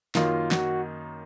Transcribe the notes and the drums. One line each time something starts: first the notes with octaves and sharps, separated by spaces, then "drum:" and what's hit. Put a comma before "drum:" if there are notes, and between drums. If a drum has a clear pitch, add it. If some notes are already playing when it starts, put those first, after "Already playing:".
F#2 D#3 A#3 D#4 F4, drum: snare
F#4, drum: snare